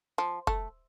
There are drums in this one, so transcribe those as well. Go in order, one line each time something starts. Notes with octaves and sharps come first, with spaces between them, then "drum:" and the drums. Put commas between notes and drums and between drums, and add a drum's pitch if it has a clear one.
F3
A3, drum: kick F1